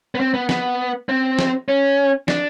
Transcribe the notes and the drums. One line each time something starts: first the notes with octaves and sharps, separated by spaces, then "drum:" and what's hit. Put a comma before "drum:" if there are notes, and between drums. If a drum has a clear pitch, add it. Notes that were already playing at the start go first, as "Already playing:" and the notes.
B3
C4
B3
B3, drum: snare
C4
drum: snare
C#4
D4, drum: snare